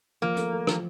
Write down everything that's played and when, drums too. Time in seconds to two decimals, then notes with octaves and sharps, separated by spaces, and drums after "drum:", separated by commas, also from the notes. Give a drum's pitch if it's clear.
0.22 F3 A#3
0.37 A3, drum: hi-hat
0.52 A3
0.67 F3, drum: rim click